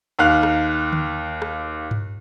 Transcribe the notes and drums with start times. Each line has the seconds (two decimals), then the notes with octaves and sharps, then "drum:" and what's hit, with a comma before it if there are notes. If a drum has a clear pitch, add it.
0.19 D#2 F5 F#6
0.43 drum: rim click
0.93 drum: tom D3
1.42 drum: rim click
1.91 drum: tom G2